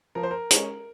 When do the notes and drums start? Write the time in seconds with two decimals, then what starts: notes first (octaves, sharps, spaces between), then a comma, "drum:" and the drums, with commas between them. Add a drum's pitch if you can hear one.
0.15 F3 A#4
0.23 C5
0.31 A#4
0.51 G#3 C#4, drum: hi-hat